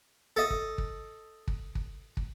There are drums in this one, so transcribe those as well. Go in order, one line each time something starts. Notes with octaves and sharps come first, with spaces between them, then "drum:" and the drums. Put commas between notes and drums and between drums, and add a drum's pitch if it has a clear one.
A4 D#5
drum: kick
drum: kick
drum: kick
drum: kick
drum: kick